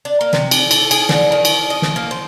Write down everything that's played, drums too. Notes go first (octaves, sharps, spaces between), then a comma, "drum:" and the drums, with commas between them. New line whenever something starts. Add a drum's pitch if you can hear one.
D4
A#3
C3, drum: snare
drum: cymbal
A4, drum: cymbal
G#4, drum: cymbal
D3, drum: snare
D#3
drum: cymbal
D#5
drum: snare
A#3
C5